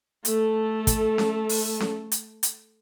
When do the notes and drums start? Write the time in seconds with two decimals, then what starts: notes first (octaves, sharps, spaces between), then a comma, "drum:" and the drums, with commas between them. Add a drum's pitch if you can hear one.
0.25 A3 A4, drum: hi-hat
0.87 drum: kick, hi-hat
1.18 drum: snare C#4
1.49 drum: open hi-hat
1.80 drum: snare C#4
2.12 drum: hi-hat
2.43 drum: hi-hat